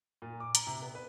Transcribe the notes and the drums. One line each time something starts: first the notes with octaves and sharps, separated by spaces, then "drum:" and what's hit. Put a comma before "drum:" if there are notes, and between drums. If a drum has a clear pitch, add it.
A#2
D6
A#5, drum: hi-hat
C3
B3
B4